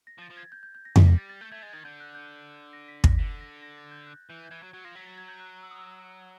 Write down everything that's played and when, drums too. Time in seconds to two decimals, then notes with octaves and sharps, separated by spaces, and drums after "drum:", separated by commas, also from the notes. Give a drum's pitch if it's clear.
0.07 A#6
0.18 F3
0.22 A6
0.30 F3
0.37 G#6
0.52 G6
0.63 G6
0.75 G6
0.85 A#6
0.96 G3 B6, drum: tom F2
1.07 A#6
1.18 A6
1.29 A6
1.41 A3 G6
1.52 A3 G#6
1.63 G#3 A6
1.69 G#6
1.73 D#3 A6
1.85 D3 G6
2.00 F#6
2.15 G6
2.73 A#6
2.88 B6
3.04 A#6, drum: kick
3.17 D3 B6
3.41 A#6
3.63 A#6
3.78 A6
3.91 G6
4.07 F#6
4.29 E3 G6
4.45 G6
4.51 E3 G#6
4.62 F#3 G#6
4.73 F#3 G#6
4.85 F3 A#6
4.95 F#3 B6
5.07 A6
5.18 G#6
5.28 G6
5.40 F#6
5.63 E6
5.71 D#6
5.78 E6